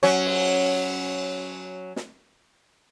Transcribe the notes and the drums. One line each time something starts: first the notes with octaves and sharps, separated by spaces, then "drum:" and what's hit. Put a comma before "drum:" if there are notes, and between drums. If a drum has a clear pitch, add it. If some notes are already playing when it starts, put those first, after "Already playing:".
F#3 C#4 C#5, drum: cymbal
drum: cymbal
drum: snare